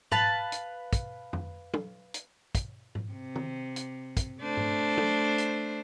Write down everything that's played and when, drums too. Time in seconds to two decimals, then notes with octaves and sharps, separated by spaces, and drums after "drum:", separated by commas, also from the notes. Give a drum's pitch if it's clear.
0.12 B4 F5 A5, drum: tom G#2
0.52 drum: hi-hat
0.93 drum: kick, hi-hat
1.33 drum: tom F2
1.74 drum: tom
2.14 drum: hi-hat
2.55 drum: kick, hi-hat
2.95 drum: tom G#2
3.12 C3
3.36 drum: tom
3.76 drum: hi-hat
4.17 drum: kick, hi-hat
4.41 A3 D4 C5
4.57 drum: tom G#2
4.98 drum: tom
5.38 drum: hi-hat